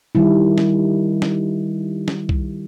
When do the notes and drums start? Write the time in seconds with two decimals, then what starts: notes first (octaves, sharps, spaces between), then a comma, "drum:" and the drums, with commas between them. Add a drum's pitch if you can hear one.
0.15 D#3 G3 E4
0.58 drum: snare
1.22 drum: snare
2.08 drum: snare
2.29 drum: kick